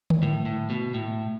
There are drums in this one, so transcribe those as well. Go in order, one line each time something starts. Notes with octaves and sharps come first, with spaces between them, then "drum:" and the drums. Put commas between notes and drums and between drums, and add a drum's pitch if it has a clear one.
drum: tom D3
A2
A2
B2
A2